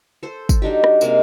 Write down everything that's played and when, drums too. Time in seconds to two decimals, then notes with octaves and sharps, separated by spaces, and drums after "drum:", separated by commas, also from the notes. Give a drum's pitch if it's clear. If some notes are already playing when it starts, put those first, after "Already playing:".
0.23 A4 C5
0.49 drum: kick, tambourine
0.62 F#3 D4 D#4 G4
0.84 drum: rim click
1.01 C3 G#3 A#3 C5, drum: tambourine